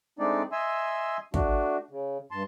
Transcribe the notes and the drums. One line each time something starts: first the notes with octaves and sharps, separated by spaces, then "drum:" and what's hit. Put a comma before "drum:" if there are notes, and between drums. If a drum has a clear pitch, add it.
G#3 A3 C4 D4 D#4 D5
D#5 E5 G#5 C6 E6
A3 D4 F#4, drum: kick
C#3
G2 A5 C6